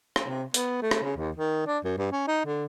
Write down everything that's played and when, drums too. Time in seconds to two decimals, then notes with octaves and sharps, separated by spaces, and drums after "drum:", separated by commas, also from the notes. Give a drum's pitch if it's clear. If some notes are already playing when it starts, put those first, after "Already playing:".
0.16 drum: rim click
0.26 C3
0.54 B3, drum: hi-hat
0.82 A3
0.91 drum: rim click
1.03 C#3
1.16 D#2
1.37 D#3
1.67 D4
1.84 F#2
1.98 G2
2.12 C#4
2.27 D#4
2.45 D3